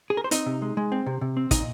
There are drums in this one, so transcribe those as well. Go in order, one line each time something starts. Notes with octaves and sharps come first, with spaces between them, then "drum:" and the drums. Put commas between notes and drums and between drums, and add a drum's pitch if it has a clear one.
G#4
A#4
C5
C4 D#4 D#5, drum: hi-hat
C3
G#3
G#3
C4
C3
C3
C4
A#2 D#4 D#5, drum: kick, hi-hat